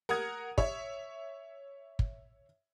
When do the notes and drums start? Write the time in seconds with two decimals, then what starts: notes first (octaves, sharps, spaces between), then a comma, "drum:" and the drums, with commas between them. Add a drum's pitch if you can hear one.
0.09 A#4 F#5 A#5 D#6 G#6
0.58 C#5 E5, drum: kick
1.99 drum: kick